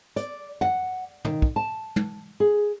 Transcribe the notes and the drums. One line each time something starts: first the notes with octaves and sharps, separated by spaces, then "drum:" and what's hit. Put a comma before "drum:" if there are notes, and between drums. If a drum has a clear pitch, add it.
D5, drum: hi-hat
F#5, drum: tom
D#3, drum: tom
drum: kick
A5
drum: tom
G#4